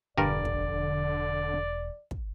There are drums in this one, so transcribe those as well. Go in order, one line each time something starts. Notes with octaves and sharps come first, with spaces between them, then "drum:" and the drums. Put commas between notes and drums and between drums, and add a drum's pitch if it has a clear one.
E1 G2 D3 F3 G3 A#4 D5
drum: kick
drum: kick